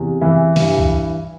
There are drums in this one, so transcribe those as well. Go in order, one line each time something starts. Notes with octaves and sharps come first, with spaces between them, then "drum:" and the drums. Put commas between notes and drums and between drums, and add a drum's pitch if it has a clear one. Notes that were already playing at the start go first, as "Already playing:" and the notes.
Already playing: E2 C3
E3 E4
G2 E3, drum: open hi-hat
drum: kick C#2